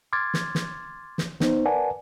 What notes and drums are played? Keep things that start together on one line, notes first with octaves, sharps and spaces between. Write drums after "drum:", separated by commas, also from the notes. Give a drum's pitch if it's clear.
C6 D6 F6 G#6 A6
drum: snare
drum: snare
drum: snare
B3 D#4 C5, drum: snare
A#4 B4 D5 F#5 G#5 A5